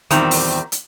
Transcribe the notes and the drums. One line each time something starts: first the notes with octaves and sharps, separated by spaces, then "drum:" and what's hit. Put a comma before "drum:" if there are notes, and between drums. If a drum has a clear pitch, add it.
E2 A#2 D#3 G3 C4 A#5, drum: hi-hat
drum: open hi-hat
drum: hi-hat